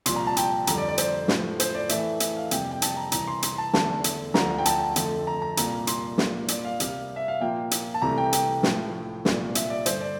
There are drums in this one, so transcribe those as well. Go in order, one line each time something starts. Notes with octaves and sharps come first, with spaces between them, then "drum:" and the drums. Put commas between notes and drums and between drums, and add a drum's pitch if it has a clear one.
C2 A#2 F3 C6, drum: hi-hat
A#5
A5
G5, drum: hi-hat
F2 D3 G3 A#5, drum: hi-hat
D5
D5
C5, drum: hi-hat
A2 F3 A3, drum: snare
C5, drum: hi-hat
D5
A2 E3 A3 E5, drum: hi-hat
E5, drum: hi-hat
F5
F2 C3 G3 A#3 G5, drum: hi-hat
G5
A5, drum: hi-hat
A#5
C2 C3 E3 A#5, drum: hi-hat
C6
C6, drum: hi-hat
A5
E2 D3 A3 A5, drum: snare
drum: hi-hat
D2 D3 F3 A#5, drum: snare
G5
A5, drum: hi-hat
F2 D3 A3, drum: hi-hat
A#5
A#5
C2 A#2 G3 A#3 A#5, drum: hi-hat
C6, drum: hi-hat
A#2 G3 A#3, drum: snare
D5, drum: hi-hat
F5
C2 C3 G3 A#3 F5, drum: hi-hat
E5
F5
A#2 F3 A#3 G5
drum: hi-hat
A5
C2 C3 E3 A3 A#5
G5
G5, drum: hi-hat
A2 F3 A3, drum: snare
C2 A#2 G3 A#3, drum: snare
E5, drum: hi-hat
D5
G2 D3 G3 C5, drum: hi-hat
D5